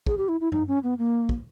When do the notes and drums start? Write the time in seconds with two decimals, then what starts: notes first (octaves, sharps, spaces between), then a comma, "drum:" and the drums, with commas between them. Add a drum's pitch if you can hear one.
0.06 G#4, drum: kick
0.18 G4
0.29 E4
0.40 E4
0.52 D#4, drum: tom F#2
0.68 C#4
0.83 B3
0.98 A#3
1.29 drum: kick